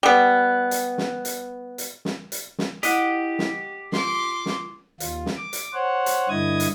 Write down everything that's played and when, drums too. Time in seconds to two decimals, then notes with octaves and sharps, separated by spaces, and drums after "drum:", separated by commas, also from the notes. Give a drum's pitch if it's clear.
0.03 G3 B3
0.71 drum: hi-hat
0.98 drum: snare
1.25 drum: hi-hat
1.78 drum: hi-hat
2.05 drum: snare
2.32 drum: hi-hat
2.58 drum: snare
2.83 E4 G4 D#5 F#5, drum: hi-hat
3.39 drum: snare
3.92 F4 C6 D6, drum: snare
4.46 drum: snare
5.00 D#2 F4, drum: hi-hat
5.26 drum: snare
5.36 D6
5.53 drum: hi-hat
5.73 C5 C#5 F#5
6.06 drum: hi-hat
6.29 G2 D3 E4 D#5 D#6 G#6
6.60 drum: hi-hat